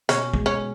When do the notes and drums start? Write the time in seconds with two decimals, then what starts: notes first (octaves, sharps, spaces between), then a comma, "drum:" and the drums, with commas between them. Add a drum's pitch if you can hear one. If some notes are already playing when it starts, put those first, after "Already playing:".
0.09 B2 C#4, drum: hi-hat
0.34 G#3, drum: kick
0.46 C#4